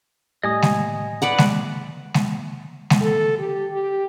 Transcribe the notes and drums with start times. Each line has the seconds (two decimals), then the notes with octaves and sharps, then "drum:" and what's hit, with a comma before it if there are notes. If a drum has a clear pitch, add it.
0.43 A2 G3 D#5 G#5 D#6
0.62 drum: snare G#3
1.22 B4 D5 F#5
1.38 drum: snare G#3
2.14 drum: snare G#3
2.90 drum: snare G#3
3.02 A4
3.39 G4
3.72 G4